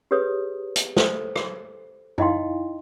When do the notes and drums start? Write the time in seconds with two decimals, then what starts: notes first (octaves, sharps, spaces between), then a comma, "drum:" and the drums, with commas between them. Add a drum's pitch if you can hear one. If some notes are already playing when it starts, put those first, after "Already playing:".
0.11 G4 G#4 B4 C#5 D#6
0.76 drum: hi-hat
0.96 A4 C5, drum: snare
1.36 drum: rim click
2.18 D#4 E4 D#5 F5 G5 C6, drum: tom F#2